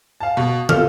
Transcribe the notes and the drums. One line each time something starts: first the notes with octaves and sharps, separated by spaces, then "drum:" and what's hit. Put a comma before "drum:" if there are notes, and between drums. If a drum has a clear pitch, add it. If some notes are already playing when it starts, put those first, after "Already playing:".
F5 A5
B2
F4 A4 F6, drum: tom